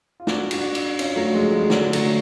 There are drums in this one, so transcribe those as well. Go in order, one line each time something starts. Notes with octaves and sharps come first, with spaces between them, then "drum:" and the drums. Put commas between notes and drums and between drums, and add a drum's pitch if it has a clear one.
F4
D4 F#4, drum: snare
D4 F#4, drum: cymbal
drum: cymbal
C#4 F4, drum: cymbal
F#3 A3
F3 G#3
F3 G#3
D3 F#3, drum: snare
F#3 A3, drum: cymbal